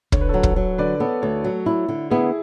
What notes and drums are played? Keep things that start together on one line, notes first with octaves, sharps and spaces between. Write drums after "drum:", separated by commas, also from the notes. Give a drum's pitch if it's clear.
D3 C#5, drum: kick
B4
F#3 A4 C#5
drum: kick
F#3
D3 B4 D5
B3 A4 C#5
D2 A4 C#5
F#3
E4
D3
B3 E4 G#4